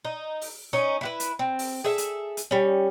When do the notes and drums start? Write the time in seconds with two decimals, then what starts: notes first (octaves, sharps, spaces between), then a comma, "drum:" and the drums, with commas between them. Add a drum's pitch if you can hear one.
0.05 D#4
0.41 drum: open hi-hat
0.73 C#4 D#4
1.01 E4 F#4 B4
1.20 drum: hi-hat
1.39 C4
1.59 drum: open hi-hat
1.84 G#4 A4 E5
1.98 drum: hi-hat
2.37 drum: hi-hat
2.51 G3 C#4